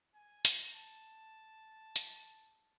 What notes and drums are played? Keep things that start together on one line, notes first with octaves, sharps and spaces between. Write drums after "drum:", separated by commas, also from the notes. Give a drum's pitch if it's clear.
G#5
A#5, drum: hi-hat
A5
drum: hi-hat